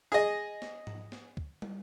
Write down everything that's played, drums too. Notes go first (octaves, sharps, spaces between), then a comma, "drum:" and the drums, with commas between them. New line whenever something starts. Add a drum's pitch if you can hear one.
G#4 D#5
drum: snare
drum: tom G#2
drum: snare
drum: kick
drum: tom